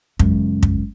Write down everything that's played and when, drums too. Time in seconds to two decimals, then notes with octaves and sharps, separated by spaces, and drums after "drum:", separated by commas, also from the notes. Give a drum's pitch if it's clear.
0.19 C#2 F#2, drum: kick
0.63 drum: kick